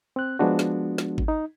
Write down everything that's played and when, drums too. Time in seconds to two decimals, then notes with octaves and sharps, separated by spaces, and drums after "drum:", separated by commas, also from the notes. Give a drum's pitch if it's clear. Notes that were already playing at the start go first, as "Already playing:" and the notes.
0.16 C4 F#6
0.39 F3 G#3 B3 D4 F#4
0.59 drum: snare
0.98 drum: snare
1.18 drum: kick G#1
1.28 D#4